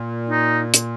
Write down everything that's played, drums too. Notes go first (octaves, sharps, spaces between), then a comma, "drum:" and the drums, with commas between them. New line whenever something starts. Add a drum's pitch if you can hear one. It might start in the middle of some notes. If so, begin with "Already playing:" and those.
Already playing: A#2
D#4
drum: hi-hat